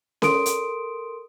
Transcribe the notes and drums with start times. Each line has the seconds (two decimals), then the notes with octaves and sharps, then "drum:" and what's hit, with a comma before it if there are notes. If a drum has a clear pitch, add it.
0.22 A4 A#4 C6 D#6 D7, drum: snare C#4
0.46 drum: hi-hat